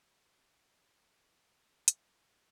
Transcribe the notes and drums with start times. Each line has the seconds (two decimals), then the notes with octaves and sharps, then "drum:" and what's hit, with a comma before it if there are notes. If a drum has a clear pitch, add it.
0.19 C#3 F4 F#4 F5
1.88 E2 G4 F#5 C6, drum: hi-hat